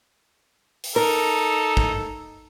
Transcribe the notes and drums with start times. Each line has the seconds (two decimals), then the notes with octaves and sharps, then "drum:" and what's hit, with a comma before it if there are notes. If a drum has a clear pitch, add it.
0.84 drum: open hi-hat
0.96 D#4 A4 A#4
1.77 drum: kick